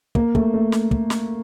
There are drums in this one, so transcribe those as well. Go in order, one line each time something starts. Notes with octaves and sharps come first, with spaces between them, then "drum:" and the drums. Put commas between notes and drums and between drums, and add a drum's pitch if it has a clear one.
A#3, drum: kick
A3, drum: kick
A3
drum: snare
drum: kick
drum: snare